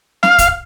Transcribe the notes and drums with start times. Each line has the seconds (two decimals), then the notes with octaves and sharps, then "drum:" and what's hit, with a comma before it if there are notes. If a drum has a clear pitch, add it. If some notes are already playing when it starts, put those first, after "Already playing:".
0.23 F5, drum: snare
0.38 drum: kick, hi-hat